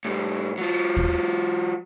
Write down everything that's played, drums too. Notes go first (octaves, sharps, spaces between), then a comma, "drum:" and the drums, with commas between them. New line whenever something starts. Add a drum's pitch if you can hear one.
A2 G3
F#3 F4
drum: kick D#2